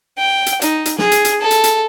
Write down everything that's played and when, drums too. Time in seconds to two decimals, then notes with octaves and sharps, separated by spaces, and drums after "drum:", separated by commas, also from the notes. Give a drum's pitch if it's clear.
0.18 G5
0.46 drum: hi-hat
0.62 D#4, drum: hi-hat
0.85 drum: hi-hat
0.99 G#4, drum: snare
1.12 drum: hi-hat
1.25 drum: hi-hat
1.41 A4
1.51 drum: hi-hat
1.64 drum: hi-hat